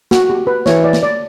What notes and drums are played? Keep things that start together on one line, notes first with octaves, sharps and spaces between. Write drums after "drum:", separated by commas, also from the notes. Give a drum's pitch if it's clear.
F#4, drum: snare
G4
B4
E3 C#5, drum: snare
D5
drum: snare
D5